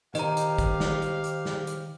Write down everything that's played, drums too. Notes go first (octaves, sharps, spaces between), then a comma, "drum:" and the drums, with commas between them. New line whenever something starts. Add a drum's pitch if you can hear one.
D#3 G4 C5 D#5 F5 A#5, drum: hi-hat
drum: hi-hat
drum: kick, hi-hat
drum: snare
drum: hi-hat
drum: hi-hat
drum: snare
drum: hi-hat